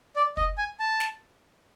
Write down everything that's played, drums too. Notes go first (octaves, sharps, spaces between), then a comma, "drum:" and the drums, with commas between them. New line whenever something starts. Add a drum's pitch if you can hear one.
D5
D#5, drum: kick
G#5
A5
drum: snare